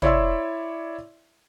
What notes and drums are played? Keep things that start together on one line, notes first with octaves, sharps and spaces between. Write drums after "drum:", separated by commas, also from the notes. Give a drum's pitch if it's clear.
E4 C#5 D5 E5 C6 E6, drum: tom